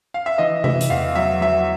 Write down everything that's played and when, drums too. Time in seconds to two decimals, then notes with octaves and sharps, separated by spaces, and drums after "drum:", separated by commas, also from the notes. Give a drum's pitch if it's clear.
0.14 F5
0.26 E5
0.38 E3 D#5
0.64 E3 E5, drum: tom C3
0.81 drum: hi-hat
0.90 E2 F5
1.15 F#3 E5
1.41 F#3 E5